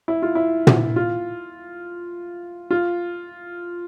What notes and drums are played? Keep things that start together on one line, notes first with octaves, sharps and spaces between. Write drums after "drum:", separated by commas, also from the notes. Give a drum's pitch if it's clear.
E4
F4
E4
drum: tom
F4
F4